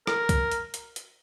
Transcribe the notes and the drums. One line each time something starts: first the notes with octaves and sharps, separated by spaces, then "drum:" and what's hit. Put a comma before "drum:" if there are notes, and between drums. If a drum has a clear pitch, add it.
A#4, drum: rim click
drum: kick, hi-hat
drum: hi-hat
drum: hi-hat
drum: hi-hat